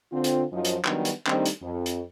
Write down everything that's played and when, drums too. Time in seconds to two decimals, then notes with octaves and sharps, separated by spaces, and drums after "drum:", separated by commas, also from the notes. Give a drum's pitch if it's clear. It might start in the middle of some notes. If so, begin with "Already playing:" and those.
0.12 D3 C4 F4
0.24 drum: hi-hat
0.52 F#2 F3 D#4
0.65 drum: hi-hat
0.85 D#3 F#3 G3 B3 D4, drum: clap
1.05 drum: hi-hat
1.27 D#3 G3 A3 C4 D4 D#4, drum: clap
1.46 drum: hi-hat
1.62 F2
1.86 drum: hi-hat